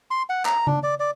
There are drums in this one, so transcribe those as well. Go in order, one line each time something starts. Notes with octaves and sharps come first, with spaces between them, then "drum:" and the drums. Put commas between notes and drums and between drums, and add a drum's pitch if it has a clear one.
C6
F#5
A#5, drum: clap
D4, drum: tom C#3
D5
D5